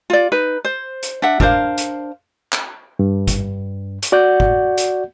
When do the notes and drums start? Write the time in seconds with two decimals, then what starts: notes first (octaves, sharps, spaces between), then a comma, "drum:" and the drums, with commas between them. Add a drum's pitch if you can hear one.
0.10 F4 D5
0.32 D#4 B4
0.65 C5
1.03 drum: hi-hat
1.22 D4 E5 F#5
1.40 D4 A#4 C5 F5, drum: kick
1.78 drum: hi-hat
2.53 drum: clap
2.99 G2
3.27 drum: kick, hi-hat
4.02 drum: hi-hat
4.12 F#4 D5 F#5 G6
4.40 drum: kick
4.77 drum: hi-hat